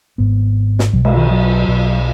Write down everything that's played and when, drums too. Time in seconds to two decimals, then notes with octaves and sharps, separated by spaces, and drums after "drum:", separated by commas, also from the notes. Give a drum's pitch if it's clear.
0.18 G#1 G#2 B3
0.79 drum: snare
0.93 B1 B2 F#3
1.05 G#3, drum: cymbal
1.17 D#3
1.31 F#3
1.68 B1 B2